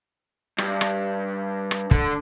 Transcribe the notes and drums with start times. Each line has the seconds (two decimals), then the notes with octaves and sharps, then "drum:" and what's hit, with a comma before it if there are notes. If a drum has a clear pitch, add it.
0.58 G2, drum: rim click
0.81 drum: rim click
1.71 drum: rim click
1.91 D3, drum: kick